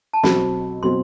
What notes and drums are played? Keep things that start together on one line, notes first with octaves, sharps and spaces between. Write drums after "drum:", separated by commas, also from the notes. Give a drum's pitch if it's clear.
A5
B1 B2 F#3 C4 F#4 B5, drum: snare
B2 F#3 C4 F#4 C6